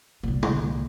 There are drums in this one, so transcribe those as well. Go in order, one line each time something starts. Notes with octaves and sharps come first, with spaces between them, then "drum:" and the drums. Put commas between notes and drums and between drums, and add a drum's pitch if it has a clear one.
C2 A#2
drum: tom C#3